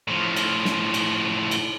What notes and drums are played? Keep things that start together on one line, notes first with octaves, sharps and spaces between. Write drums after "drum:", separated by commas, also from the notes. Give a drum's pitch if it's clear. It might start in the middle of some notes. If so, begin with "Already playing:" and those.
A2 F3
drum: cymbal
drum: snare
drum: cymbal
drum: cymbal